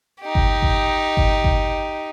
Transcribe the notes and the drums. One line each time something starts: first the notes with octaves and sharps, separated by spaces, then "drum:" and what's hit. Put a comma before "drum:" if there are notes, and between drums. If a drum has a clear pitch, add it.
D#4 G4
drum: kick G1
drum: kick G1
drum: kick G1
drum: kick G1